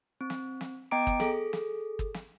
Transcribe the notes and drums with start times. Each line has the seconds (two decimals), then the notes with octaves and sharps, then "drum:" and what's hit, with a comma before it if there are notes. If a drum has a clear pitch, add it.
0.21 C4
0.30 drum: snare
0.61 drum: snare
0.91 B3 D#5 G5 A#5 D6 D7
1.07 drum: kick
1.20 G#4 A4, drum: snare
1.53 drum: snare
1.99 drum: kick
2.14 drum: snare